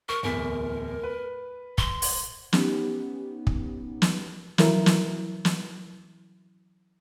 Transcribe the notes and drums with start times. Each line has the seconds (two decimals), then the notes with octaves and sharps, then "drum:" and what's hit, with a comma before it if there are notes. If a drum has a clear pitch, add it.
0.09 A#4 C#6
0.23 D1 E2 A#4 B6
1.03 B4
1.78 C6, drum: kick
2.02 drum: open hi-hat
2.53 B3 C#4 D#4 G4, drum: snare
3.47 drum: kick
4.02 drum: snare
4.58 E3 F#3 E4 A#4, drum: snare
4.86 drum: snare
5.45 drum: snare